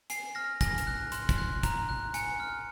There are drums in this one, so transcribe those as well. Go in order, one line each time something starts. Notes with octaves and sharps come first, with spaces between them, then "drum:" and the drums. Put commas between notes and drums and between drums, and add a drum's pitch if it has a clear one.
G#5 C7, drum: hi-hat
F6 A#6
G#5 A#6, drum: kick, hi-hat
drum: hi-hat
F#6
C6, drum: hi-hat
drum: kick, hi-hat
F#6
A#5, drum: kick, hi-hat
F#6
G#5 C#7, drum: hi-hat
F6